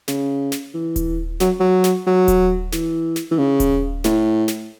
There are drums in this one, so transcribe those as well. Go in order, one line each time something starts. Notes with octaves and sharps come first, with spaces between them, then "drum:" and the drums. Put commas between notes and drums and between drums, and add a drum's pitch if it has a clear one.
C#3, drum: snare
drum: snare
E3
drum: kick D#1, hi-hat
F#3, drum: snare
F#3
drum: snare
F#3
drum: kick D#1, hi-hat
E3, drum: snare
drum: snare
E3
C#3
drum: kick D#1, hi-hat
A2, drum: snare
drum: snare